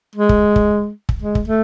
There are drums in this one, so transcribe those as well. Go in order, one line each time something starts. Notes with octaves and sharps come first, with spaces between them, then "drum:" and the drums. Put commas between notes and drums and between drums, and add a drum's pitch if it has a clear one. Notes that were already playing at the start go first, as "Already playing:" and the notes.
G#3
drum: kick
drum: kick
drum: kick
G#3
drum: kick
A3